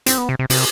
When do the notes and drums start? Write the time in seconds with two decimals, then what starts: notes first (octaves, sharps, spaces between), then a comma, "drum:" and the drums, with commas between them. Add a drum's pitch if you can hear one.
0.06 C4, drum: hi-hat
0.18 B3
0.29 C3
0.39 C3
0.50 C3, drum: open hi-hat